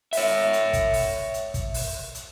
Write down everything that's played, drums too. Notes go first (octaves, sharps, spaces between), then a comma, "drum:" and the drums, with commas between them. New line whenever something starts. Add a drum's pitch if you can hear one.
C#5 E5, drum: open hi-hat
drum: hi-hat
drum: kick, hi-hat
drum: open hi-hat
drum: hi-hat
drum: kick, hi-hat
drum: open hi-hat
drum: hi-hat